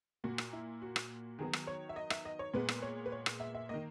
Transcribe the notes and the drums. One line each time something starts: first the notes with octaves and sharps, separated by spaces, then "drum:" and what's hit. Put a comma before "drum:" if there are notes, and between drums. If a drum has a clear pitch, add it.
A#2 A#3 F#4
drum: rim click
E4
F#4
drum: rim click
D#3 F#3 B3 G#4
drum: rim click
C#5
E5
D#5
E5, drum: rim click
D#5
C#5
A#2 G#3 B3 B4
drum: rim click
C#5
B4
C#5
drum: rim click
E5
E5
D#3 A#3 D#5